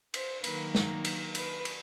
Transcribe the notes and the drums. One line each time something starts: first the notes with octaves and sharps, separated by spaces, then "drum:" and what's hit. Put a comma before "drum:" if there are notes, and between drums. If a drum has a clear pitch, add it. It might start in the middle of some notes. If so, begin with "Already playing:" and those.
C5, drum: cymbal
D#3 F#3 A#3 D#4 B4, drum: cymbal
A#4, drum: snare
drum: cymbal
B4, drum: cymbal
drum: cymbal